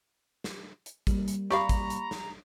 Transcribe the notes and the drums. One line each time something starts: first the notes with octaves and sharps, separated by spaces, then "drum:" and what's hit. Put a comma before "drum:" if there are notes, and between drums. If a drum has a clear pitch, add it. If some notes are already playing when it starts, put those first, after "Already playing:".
drum: snare
drum: hi-hat
G3 A#3, drum: kick, hi-hat
drum: hi-hat
G4 D5 F5 A#5 B5 C#6, drum: snare
drum: kick, hi-hat
drum: hi-hat
drum: snare